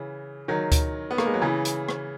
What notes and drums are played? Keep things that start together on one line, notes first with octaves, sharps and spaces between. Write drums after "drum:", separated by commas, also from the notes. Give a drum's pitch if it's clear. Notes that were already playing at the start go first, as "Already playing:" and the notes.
Already playing: C#3 E3
D#3 F#3
drum: kick D2, hi-hat
B3
A#3, drum: rim click
G#3
F#3
C#3 E3
drum: hi-hat
drum: rim click